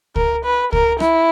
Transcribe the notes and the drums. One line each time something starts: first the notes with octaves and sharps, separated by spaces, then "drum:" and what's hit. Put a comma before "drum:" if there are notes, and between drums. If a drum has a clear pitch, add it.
A#4, drum: kick C#2
B4
A#4, drum: kick C#2
E4, drum: rim click